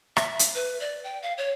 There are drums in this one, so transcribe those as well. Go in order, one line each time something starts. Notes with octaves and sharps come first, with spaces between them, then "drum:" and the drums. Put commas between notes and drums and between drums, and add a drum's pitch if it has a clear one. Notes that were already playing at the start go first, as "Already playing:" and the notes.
E5, drum: rim click
drum: hi-hat
B4
D5
G5
F5
C#5